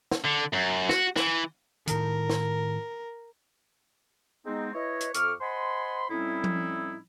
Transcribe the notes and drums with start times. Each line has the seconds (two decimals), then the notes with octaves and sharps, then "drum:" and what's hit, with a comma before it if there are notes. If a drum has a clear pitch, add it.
0.11 drum: snare
0.24 D3
0.53 F#2
0.89 F#4, drum: snare
1.16 E3, drum: snare
1.87 A2 D#3 A#4, drum: hi-hat
2.29 drum: snare
4.46 G#3 B3 C4 D#4
4.74 E4 B4 C#5 D#5
5.00 drum: hi-hat
5.14 F2 A4 C#6 D6 F6, drum: hi-hat
5.41 C5 D#5 F#5 G#5 B5 C6
6.10 A2 G3 C4 C#4 D#4 E4
6.44 drum: tom F3